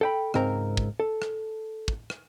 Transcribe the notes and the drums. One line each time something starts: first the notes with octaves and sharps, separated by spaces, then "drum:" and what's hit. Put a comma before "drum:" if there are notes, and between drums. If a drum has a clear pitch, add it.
A4 G5 B5
C#2 G#2 C4 A#4 A#5, drum: rim click
drum: kick
A4
drum: rim click
drum: kick
drum: rim click